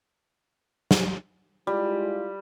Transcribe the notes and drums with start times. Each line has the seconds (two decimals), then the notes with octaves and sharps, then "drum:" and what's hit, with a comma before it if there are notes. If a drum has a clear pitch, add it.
0.91 drum: snare
1.67 G3 G#3 E4 F4